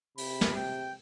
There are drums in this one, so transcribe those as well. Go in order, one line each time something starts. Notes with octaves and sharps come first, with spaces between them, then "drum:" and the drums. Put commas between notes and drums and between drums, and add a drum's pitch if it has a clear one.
C3 B5, drum: open hi-hat
drum: snare
G5